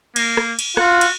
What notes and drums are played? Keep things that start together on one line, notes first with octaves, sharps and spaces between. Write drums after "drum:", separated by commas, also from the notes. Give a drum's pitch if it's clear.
A#3, drum: cymbal
drum: rim click
drum: cymbal
F4 F#4 F#5, drum: rim click
drum: cymbal